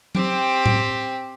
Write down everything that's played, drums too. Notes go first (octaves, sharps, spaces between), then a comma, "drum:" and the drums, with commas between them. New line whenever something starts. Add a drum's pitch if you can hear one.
C4 G4, drum: tom F#3
drum: tom A2